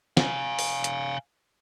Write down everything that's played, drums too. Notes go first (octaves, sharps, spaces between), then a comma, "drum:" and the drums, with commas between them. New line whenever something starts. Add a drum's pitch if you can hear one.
F5 G#5, drum: snare
drum: open hi-hat
drum: hi-hat